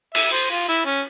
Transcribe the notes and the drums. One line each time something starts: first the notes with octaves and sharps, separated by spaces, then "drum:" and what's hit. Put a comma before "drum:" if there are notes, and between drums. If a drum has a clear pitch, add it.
E5, drum: cymbal
C5
F4
E4
C#4